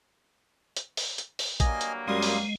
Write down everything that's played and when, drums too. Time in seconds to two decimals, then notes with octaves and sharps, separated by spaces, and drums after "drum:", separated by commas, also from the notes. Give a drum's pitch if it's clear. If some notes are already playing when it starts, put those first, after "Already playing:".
0.77 drum: hi-hat
0.97 drum: open hi-hat
1.18 drum: hi-hat
1.39 drum: open hi-hat
1.60 G2 F#3 A#3 D#5 G#5, drum: kick A#1, hi-hat
1.81 drum: hi-hat
2.08 F#2 G3 G#3 F5 C6 D#6
2.22 drum: open hi-hat